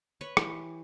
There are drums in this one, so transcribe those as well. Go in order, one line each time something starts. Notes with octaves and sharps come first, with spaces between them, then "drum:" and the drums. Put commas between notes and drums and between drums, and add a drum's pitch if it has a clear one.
B4 C#5 C#6
E3 G4 C#6, drum: rim click